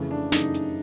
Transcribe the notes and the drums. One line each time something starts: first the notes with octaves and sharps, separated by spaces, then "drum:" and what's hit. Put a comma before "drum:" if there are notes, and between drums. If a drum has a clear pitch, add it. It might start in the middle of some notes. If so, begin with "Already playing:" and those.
Already playing: F2 C#3 E3 A3
D4
F#2 C#3 E3 A3 D#4, drum: snare
drum: hi-hat